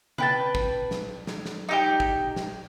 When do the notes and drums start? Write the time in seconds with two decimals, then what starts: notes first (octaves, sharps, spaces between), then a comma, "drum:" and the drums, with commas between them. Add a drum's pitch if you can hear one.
0.18 B4 G5 A5, drum: tom
0.55 drum: kick
0.91 drum: snare
1.27 drum: snare
1.46 drum: snare
1.69 D#4 G4 G5
2.00 drum: kick
2.36 drum: snare